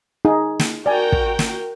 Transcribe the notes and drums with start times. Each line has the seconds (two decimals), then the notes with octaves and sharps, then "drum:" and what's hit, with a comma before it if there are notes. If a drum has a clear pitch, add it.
0.25 D#4 G#4
0.59 drum: snare
0.86 F#4 A#4 D5 G5 G#5
1.12 drum: kick
1.39 drum: snare